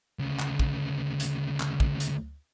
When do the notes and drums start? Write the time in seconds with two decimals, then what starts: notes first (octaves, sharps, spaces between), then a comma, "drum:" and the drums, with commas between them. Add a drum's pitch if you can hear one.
0.19 D2 C#3
0.39 drum: clap
0.59 drum: kick
1.20 drum: hi-hat
1.60 drum: clap
1.80 drum: kick
2.00 drum: hi-hat